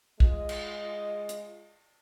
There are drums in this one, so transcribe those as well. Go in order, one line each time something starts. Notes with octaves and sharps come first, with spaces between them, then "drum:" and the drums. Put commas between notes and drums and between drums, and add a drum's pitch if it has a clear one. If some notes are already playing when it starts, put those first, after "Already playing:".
G#3 F4 D#5, drum: kick
drum: cymbal
drum: hi-hat